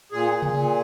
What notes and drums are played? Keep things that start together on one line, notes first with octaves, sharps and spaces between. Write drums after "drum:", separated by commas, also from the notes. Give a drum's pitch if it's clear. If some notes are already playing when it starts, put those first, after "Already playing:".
A#2 G#4
A#2
drum: tom C3
A#2